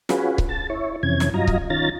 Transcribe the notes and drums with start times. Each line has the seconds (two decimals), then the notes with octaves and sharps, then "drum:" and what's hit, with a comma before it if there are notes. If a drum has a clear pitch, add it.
0.09 C#4 F4 F#4 G#4 B4, drum: snare
0.38 drum: kick C#1
0.49 A5
0.70 E4 C#5
1.03 F2 C3 E3 C#4 G#6
1.20 drum: snare
1.34 G2 F#3 F4 D#5 A#5
1.47 drum: kick C#1
1.70 D#3 C#4 F4 A#5 A6